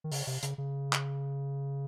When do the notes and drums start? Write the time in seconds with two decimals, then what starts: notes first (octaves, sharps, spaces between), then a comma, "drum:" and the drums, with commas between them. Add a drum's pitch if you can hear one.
0.04 D#3
0.12 C#3, drum: open hi-hat
0.27 C3
0.43 C#3, drum: hi-hat
0.58 C#3
0.93 drum: clap